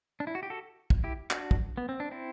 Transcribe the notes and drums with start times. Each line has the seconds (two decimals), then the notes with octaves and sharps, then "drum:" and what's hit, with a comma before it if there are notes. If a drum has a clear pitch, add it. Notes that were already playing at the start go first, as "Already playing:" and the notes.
0.20 D4
0.27 E4
0.35 F#4
0.43 G4
0.50 F#4 A4
0.90 drum: kick
1.04 E4 G4
1.31 D4 F#4, drum: clap
1.51 drum: kick
1.77 B3
1.89 C4
2.00 D4
2.11 C4 E4